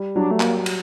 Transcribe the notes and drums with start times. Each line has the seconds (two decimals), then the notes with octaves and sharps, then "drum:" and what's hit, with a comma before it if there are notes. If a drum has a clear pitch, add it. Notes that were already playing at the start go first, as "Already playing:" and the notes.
Already playing: G3
0.15 F#3 D4
0.31 A3
0.40 A#3, drum: clap
0.66 drum: cymbal